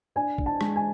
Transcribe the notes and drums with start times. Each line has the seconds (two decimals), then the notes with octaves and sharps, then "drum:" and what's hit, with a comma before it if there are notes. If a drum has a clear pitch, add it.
0.16 D4 G#5
0.38 D4, drum: kick
0.46 A5
0.61 G#3, drum: rim click
0.76 G#5